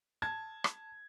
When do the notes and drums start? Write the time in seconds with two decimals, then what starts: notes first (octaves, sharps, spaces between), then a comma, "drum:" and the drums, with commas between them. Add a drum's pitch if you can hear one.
0.22 A5 G#6
0.64 drum: rim click